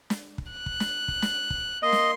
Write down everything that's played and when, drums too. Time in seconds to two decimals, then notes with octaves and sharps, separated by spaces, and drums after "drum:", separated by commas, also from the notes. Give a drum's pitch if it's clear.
0.10 drum: snare
0.38 drum: kick
0.52 F#6
0.66 drum: kick
0.80 drum: snare
1.08 drum: kick
1.22 drum: snare
1.50 drum: kick
1.82 A#3 D#5 C6
1.92 drum: snare